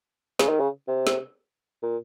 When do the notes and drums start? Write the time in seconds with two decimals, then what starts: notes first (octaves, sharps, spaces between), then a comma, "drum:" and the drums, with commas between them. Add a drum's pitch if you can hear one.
0.39 C#3, drum: snare
0.49 D#3
0.60 C#3
0.88 C3
1.07 drum: snare
1.83 A#2